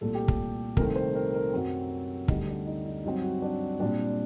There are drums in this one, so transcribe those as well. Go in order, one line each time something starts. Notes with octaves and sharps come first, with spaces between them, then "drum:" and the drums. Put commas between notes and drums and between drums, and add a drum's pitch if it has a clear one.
C2 A#2 A3 A4
G4
A4, drum: kick
C2 C3 D#3 A3 C4 A#4, drum: kick
C5
A#4
A#4
F#2 F#3 C4
D2 D3 G3 D#4, drum: kick
D4
D#4
D#4
G2 F#3 C4 D#4
F#4
D4
A#2 G3 C4 D4